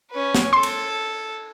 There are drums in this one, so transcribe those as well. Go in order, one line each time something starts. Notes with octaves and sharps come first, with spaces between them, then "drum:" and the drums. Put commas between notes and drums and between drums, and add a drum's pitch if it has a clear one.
C#4 B4
drum: snare
A4 C6
drum: cymbal